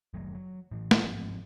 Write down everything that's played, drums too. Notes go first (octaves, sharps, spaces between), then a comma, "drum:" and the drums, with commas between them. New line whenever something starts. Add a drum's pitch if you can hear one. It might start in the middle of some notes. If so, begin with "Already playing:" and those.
F#1 D#3 F#3 A3
F#3
A2 E3
drum: snare
G1 G#2 F3 C4